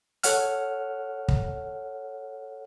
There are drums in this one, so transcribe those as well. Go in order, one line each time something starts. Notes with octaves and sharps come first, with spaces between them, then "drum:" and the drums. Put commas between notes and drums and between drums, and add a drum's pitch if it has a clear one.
A4 C#5 F#5 F6, drum: hi-hat
drum: kick